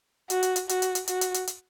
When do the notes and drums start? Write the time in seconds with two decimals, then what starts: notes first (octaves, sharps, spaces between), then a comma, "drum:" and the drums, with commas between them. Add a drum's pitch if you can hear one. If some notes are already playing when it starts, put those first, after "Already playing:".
0.30 F#4, drum: hi-hat
0.43 drum: hi-hat
0.56 drum: hi-hat
0.69 F#4, drum: hi-hat
0.82 drum: hi-hat
0.95 drum: hi-hat
1.08 F#4, drum: hi-hat
1.21 drum: hi-hat
1.34 drum: hi-hat
1.47 drum: hi-hat